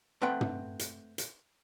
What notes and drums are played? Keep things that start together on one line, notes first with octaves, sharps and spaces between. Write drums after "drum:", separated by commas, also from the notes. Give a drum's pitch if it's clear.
A3 C4 B4 F#5 G5
drum: tom
drum: hi-hat
drum: hi-hat